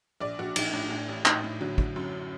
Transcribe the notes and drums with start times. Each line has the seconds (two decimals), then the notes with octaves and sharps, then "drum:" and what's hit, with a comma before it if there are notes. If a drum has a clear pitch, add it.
0.21 A#1 D5
0.39 A#1 F#4
0.56 A#1 D#4, drum: cymbal
0.73 A2 D4
0.90 A2 D4
1.08 A1
1.25 A2 D#4, drum: clap
1.44 A2
1.61 D3 F#3
1.78 D3, drum: kick
1.96 F#2 F#3